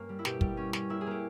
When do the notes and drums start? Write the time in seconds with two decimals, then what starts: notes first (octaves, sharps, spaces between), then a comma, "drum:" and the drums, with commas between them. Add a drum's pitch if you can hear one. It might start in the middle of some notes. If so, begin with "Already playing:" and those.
Already playing: G2 A#3 C#4 G4
0.09 G3
0.19 E4
0.25 B2 G4, drum: snare
0.41 G3, drum: kick
0.57 C#4
0.73 C#4, drum: snare
0.89 A#3 E4
1.01 G#4
1.07 A#3 G4